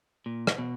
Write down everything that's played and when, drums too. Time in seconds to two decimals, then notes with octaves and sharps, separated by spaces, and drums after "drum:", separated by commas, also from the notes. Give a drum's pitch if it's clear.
0.26 A#2
0.47 drum: rim click
0.58 B2